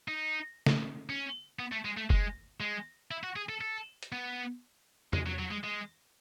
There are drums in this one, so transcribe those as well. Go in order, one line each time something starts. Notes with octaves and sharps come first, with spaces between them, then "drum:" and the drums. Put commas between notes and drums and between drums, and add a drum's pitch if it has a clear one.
D#4
drum: snare
C#4
B3
A3
G#3
A3
G#3, drum: kick F#1
G#3
E4
F#4
G#4
A4
A4
drum: hi-hat
B3
G#3, drum: tom E2
F#3
F#3
G#3
G#3